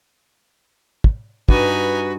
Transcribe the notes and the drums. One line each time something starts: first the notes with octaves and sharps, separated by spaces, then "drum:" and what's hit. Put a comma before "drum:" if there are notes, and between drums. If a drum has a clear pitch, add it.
drum: kick
G2 D#4 F#4 B4 G#5, drum: kick